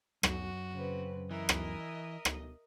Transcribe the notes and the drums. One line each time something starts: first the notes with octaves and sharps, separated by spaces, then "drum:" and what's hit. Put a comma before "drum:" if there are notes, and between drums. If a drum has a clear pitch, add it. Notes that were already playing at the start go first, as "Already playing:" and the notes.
F#2 F#4, drum: rim click
C#3 C4 B4
E3 A#4 D#5 E5
drum: rim click
drum: rim click